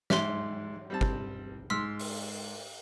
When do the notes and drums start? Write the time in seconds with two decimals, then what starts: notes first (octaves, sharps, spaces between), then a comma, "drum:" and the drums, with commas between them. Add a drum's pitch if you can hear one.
0.10 G#2 E5 C6, drum: snare
0.90 G3 C4 A5
1.01 drum: kick G1
1.70 G#2 C6 E6 F6 B6
1.99 drum: open hi-hat